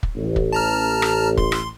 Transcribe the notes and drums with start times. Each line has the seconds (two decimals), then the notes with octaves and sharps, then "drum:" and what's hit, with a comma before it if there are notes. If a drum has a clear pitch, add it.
0.03 drum: kick
0.16 A1
0.36 drum: kick
0.52 A5 A#5 F6
1.02 drum: rim click
1.37 C6, drum: kick
1.52 drum: rim click